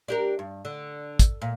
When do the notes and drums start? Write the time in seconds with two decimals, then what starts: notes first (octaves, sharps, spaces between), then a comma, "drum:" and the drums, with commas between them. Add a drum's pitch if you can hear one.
0.08 D4 G4 A#4
0.39 G2
0.65 D3
1.19 drum: kick, hi-hat
1.42 A#2